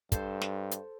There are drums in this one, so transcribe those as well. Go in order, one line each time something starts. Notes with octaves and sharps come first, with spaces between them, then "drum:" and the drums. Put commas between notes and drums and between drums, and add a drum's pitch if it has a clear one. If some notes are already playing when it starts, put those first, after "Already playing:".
G2 A4 C5, drum: kick, hi-hat
drum: snare
drum: hi-hat